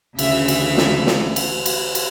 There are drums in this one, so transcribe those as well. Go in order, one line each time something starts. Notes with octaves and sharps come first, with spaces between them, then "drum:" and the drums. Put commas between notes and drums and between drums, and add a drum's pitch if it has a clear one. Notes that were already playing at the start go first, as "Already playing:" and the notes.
D2 C#3 E3 E5, drum: cymbal
E5, drum: cymbal
drum: snare
drum: snare
drum: cymbal
drum: cymbal
drum: cymbal